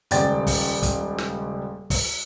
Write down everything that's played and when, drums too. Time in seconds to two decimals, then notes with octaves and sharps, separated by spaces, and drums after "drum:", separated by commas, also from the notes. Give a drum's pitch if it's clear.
0.11 D#1 C#2 D5 G5 A6, drum: hi-hat
0.47 drum: kick, open hi-hat
0.83 drum: kick, hi-hat
1.18 drum: snare
1.90 drum: kick, open hi-hat